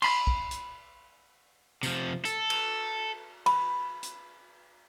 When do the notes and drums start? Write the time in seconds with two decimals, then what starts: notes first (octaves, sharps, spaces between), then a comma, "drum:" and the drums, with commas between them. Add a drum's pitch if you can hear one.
0.02 B5 C6, drum: cymbal
0.27 drum: kick
0.51 drum: hi-hat
1.83 C3 F3, drum: tambourine
2.25 A4, drum: hi-hat
2.50 drum: cymbal
3.46 B5, drum: cymbal
4.03 drum: hi-hat